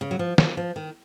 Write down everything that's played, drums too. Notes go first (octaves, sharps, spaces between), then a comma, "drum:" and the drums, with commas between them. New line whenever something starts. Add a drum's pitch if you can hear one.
C#3
F#3
F3
F3, drum: snare
F3
D#3